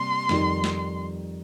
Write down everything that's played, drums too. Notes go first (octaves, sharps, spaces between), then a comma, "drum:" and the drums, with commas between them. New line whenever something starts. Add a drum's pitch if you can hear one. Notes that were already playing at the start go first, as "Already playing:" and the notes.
Already playing: C3 G3 A#3 C6
F2 D#3 G3, drum: snare
drum: snare